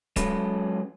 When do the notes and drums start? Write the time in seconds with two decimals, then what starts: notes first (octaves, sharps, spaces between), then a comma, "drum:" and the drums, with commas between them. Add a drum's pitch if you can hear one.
0.16 F#3 G#3 C#4 A4 B4, drum: kick C#1, hi-hat